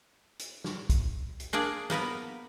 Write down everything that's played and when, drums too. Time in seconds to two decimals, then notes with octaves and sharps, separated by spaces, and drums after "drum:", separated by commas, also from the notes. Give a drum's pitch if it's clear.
0.39 drum: hi-hat
0.64 drum: snare
0.90 drum: kick, hi-hat
1.40 drum: hi-hat
1.53 A#3 D4 G#4 D5
1.90 A#3 B3 A#4 B4, drum: snare